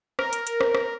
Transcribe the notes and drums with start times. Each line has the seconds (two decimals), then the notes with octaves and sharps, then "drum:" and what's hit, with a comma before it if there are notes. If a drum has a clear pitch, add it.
0.19 A#4, drum: rim click
0.33 drum: hi-hat
0.47 drum: hi-hat
0.61 drum: rim click
0.75 drum: rim click